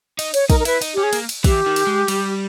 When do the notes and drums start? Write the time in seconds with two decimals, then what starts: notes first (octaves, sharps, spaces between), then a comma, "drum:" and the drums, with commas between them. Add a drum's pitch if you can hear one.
0.19 D#4, drum: cymbal
0.34 C#5, drum: cymbal
0.50 D#4 A#4, drum: kick, cymbal
0.60 A#4
0.65 E4 B4, drum: cymbal
0.82 D#4, drum: cymbal
0.94 C#4 G4
1.03 G#4
1.13 A#3, drum: cymbal
1.29 drum: cymbal
1.44 E3 G4, drum: kick, cymbal
1.66 D#3
1.76 drum: cymbal
1.87 G#3
2.08 G3, drum: cymbal